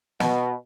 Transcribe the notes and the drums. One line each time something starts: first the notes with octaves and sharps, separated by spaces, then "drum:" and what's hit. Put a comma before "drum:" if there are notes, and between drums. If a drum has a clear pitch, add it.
B2, drum: snare